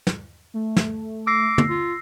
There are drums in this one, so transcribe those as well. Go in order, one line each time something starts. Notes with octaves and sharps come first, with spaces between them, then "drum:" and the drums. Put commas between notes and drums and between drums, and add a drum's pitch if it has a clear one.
drum: snare
A3
drum: snare
D6 E6 A#6 C7
drum: tom
F4